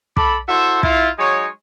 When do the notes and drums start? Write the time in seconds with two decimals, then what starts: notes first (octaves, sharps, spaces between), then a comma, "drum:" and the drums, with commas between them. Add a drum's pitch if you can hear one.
0.17 A4 D5 A5 B5, drum: kick
0.48 E4 F#4 A4 C5 E5
0.83 E4 F4, drum: kick
1.18 F#3 G#3 D#4 C#5